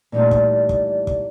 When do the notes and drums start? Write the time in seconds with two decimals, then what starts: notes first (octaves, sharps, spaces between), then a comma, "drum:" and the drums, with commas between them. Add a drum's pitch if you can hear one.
0.12 A#2 E3 G3 A3 D#4
0.31 drum: kick
0.69 drum: kick
1.07 drum: kick